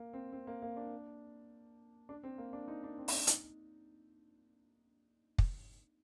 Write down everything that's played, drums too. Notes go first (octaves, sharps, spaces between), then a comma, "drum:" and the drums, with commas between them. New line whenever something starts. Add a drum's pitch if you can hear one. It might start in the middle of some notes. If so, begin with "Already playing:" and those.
Already playing: A#3
C4
C4
A#3
A#3
D4
D4
C4
A#3
D4
D#4
D4
C4
D#4, drum: open hi-hat
D4
D#4, drum: hi-hat
drum: kick